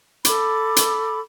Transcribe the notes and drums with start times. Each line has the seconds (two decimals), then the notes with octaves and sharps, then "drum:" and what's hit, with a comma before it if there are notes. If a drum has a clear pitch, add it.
0.25 A4 B5 D6, drum: hi-hat
0.76 drum: hi-hat